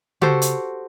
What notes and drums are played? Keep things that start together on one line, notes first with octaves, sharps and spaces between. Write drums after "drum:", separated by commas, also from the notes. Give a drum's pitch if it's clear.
F#4 G4 A4 C5, drum: tom C#3
drum: hi-hat